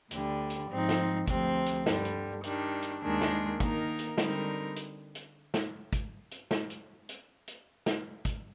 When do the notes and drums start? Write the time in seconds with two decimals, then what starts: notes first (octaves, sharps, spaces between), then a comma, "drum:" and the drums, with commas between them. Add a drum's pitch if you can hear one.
0.11 D2 D3 G3, drum: hi-hat
0.50 drum: hi-hat
0.69 G#2 F3 C4 D#4
0.89 drum: snare
1.28 D2 C3 F3 C4, drum: kick, hi-hat
1.66 drum: hi-hat
1.86 G2 D3 G3, drum: snare
2.05 drum: hi-hat
2.44 D#3 G3 D4, drum: hi-hat
2.83 drum: hi-hat
3.02 D#2 D#3 G#3 D4 G#4
3.21 drum: snare
3.60 D#3 A#3 D#4 A#4, drum: kick, hi-hat
3.99 drum: hi-hat
4.18 D3 G3 C4 D#4 A#4, drum: snare
4.76 drum: hi-hat
5.15 drum: hi-hat
5.54 drum: snare
5.93 drum: kick, hi-hat
6.31 drum: hi-hat
6.51 drum: snare
6.70 drum: hi-hat
7.09 drum: hi-hat
7.48 drum: hi-hat
7.86 drum: snare
8.25 drum: kick, hi-hat